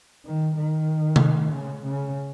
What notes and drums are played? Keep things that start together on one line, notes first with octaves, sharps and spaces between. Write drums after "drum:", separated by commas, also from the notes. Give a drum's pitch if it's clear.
D#3
D#3
drum: tom C3
C#3
C#3